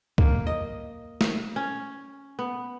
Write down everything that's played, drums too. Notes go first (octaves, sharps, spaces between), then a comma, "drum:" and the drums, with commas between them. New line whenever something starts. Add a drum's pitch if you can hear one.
A#3, drum: kick
D#5
drum: snare
C#4
B3